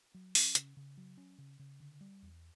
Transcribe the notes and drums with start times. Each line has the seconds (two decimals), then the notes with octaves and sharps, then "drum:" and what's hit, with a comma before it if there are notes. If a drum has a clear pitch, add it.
0.14 F#3
0.35 C#4, drum: open hi-hat
0.55 C#3, drum: hi-hat
0.77 C#3
0.97 F#3
1.17 C#4
1.38 C#3
1.59 C#3
1.80 D3
2.01 G3
2.23 E2